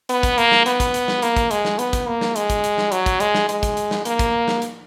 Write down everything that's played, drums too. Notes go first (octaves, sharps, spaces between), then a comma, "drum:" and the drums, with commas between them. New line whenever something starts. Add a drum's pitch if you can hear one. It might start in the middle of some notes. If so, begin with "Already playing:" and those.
B3, drum: hi-hat
drum: kick, hi-hat
A#3, drum: hi-hat
drum: snare
B3, drum: hi-hat
drum: kick, hi-hat
drum: hi-hat
drum: snare
A#3, drum: hi-hat
drum: kick, hi-hat
G#3, drum: hi-hat
drum: snare
B3, drum: hi-hat
drum: kick, hi-hat
A#3
drum: snare
G#3, drum: hi-hat
drum: kick, hi-hat
drum: hi-hat
drum: snare
F#3, drum: hi-hat
drum: kick, hi-hat
G#3, drum: hi-hat
drum: snare
G#3, drum: hi-hat
drum: kick, hi-hat
drum: hi-hat
drum: snare
A#3, drum: hi-hat
drum: kick, hi-hat
drum: snare
drum: hi-hat